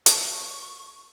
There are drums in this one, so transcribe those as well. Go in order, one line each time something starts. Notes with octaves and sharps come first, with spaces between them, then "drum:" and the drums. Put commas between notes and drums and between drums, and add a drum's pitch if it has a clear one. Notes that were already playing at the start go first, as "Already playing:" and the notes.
A4 C#5 C#6, drum: hi-hat